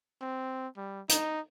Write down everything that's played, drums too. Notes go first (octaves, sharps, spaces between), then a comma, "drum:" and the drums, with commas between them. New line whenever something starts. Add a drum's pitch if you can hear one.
C4
G3
D#4, drum: hi-hat